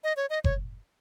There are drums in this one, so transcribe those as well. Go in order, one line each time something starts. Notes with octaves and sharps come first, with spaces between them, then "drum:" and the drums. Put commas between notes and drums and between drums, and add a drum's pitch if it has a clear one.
D#5
C#5
D#5
C#5, drum: kick F#1